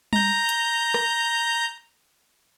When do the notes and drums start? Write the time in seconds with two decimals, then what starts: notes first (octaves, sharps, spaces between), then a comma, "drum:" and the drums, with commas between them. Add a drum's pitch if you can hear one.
0.13 A#5 G6, drum: tom G3
0.49 drum: hi-hat
0.94 drum: rim click